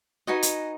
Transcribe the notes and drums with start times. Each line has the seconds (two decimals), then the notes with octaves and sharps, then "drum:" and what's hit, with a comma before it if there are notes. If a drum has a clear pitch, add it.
0.27 D#4 F#4 B4 D#5 G#5
0.43 drum: hi-hat